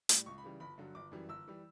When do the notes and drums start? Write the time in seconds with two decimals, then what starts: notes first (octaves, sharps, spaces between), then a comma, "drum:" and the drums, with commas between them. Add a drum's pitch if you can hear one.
0.09 A2 G3, drum: hi-hat
0.26 C#2 C#6
0.38 B5
0.44 C#3 E3 G3
0.60 G1 B5
0.78 G2 D3 F#3
0.95 G1 D6
1.12 F#2 E3 G3
1.29 G1 E6
1.48 E3 G3